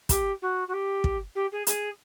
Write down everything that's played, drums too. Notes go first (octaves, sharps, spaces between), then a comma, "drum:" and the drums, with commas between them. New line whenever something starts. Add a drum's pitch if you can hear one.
G4, drum: kick, hi-hat
F#4
F#4
G4
drum: kick
G4
G#4
G#4, drum: hi-hat